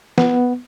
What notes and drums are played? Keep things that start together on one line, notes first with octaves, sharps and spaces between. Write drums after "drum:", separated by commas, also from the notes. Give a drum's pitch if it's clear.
B3, drum: snare